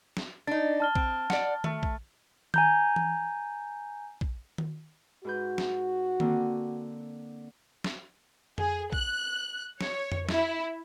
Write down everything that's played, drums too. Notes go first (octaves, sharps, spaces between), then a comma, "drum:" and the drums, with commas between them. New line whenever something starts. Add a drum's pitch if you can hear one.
drum: snare
D4 D#4 A6
A5 F6 G7
C4, drum: kick
D5 F#5, drum: snare
A3, drum: tom D#3
drum: kick
G#5 A#5 G6, drum: tom D#3
drum: tom E3
drum: kick
drum: tom D#3
G#2 F#4 B4 G6
drum: snare
D3 A#3 C4, drum: tom D#3
drum: snare
G#4, drum: tom F2
F#6, drum: kick
C#5, drum: snare
drum: tom F2
E4, drum: snare